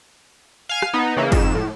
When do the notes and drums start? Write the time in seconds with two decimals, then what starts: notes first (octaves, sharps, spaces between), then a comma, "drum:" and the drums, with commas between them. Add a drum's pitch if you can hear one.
0.69 F5 G#5 F6
0.82 drum: rim click
0.93 B3 D#4
1.16 C#3 E3 A#3
1.32 F2 G#2 E7, drum: kick, cymbal
1.55 A2